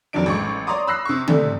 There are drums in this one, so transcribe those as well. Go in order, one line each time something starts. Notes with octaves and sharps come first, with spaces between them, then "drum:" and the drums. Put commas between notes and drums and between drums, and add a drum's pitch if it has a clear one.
F2 D#3 F#3 G3 D4 D7
A1 G#3 C#6
C#5 D5 A#5 C6 D6 D#6
B5 E6 F#6 A#6 C7
C3 C#6
C3 G3 A3, drum: tom D3